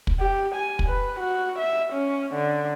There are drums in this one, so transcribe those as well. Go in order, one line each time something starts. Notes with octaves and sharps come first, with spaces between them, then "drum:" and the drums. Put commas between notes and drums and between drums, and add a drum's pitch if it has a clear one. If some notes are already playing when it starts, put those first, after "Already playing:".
drum: kick
G4
G#5
drum: kick
B4
F#4
E5
C#4
D3